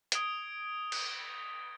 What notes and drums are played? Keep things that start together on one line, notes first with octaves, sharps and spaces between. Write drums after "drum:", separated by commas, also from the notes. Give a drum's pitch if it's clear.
D#6 G#6 D7 F7 G7, drum: hi-hat
drum: cymbal